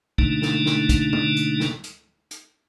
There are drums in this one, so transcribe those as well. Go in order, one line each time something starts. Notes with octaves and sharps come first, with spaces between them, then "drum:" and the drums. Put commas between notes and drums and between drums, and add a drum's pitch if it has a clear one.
B2 D3 A3 A#3 D4 D#4, drum: kick
drum: snare
drum: snare
drum: kick, hi-hat
drum: tom D3
drum: hi-hat
drum: snare
drum: hi-hat
drum: hi-hat